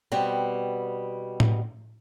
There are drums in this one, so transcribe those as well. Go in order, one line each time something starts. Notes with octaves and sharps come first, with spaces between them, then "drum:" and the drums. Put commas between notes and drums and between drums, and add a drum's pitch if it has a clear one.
B2 G3 B3 C4
drum: tom A2